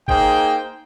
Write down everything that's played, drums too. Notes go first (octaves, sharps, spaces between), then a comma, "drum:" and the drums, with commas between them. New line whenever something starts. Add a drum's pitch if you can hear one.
A#3 D#4 G#4 C5 G5, drum: kick G1